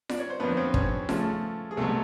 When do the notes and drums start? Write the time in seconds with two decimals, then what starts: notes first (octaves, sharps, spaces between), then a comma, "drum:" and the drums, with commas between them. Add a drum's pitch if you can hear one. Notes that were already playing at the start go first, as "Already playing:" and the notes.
0.09 D5, drum: snare F4
0.19 C#5
0.30 C5
0.40 F2 D3 F3 A#3 B3 B4
0.51 C#5
0.57 C4 C5
0.74 C#4 C#5, drum: kick
1.09 C#3 F3 A3, drum: snare F4
1.71 G#4
1.77 C2 B2 F#3 A3 A4